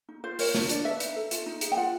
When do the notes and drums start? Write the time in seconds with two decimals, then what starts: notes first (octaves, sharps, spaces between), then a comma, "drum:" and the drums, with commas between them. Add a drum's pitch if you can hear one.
0.09 D#4
0.24 F4 C5
0.39 A#4 C#5, drum: open hi-hat
0.55 D4, drum: snare
0.69 D4 D5, drum: hi-hat
0.84 B4 E5
1.00 D#4, drum: hi-hat
1.16 A4
1.31 F4, drum: hi-hat
1.46 D#4
1.61 G#4, drum: hi-hat
1.72 G5
1.77 F4 F#5